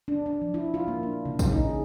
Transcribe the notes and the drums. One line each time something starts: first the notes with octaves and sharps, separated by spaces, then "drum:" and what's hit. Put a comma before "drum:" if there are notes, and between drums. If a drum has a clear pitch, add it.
D4
D4
F3
E4
F4
A#3
D4
C#3
C#4, drum: kick A#1, tambourine
D#4
G#4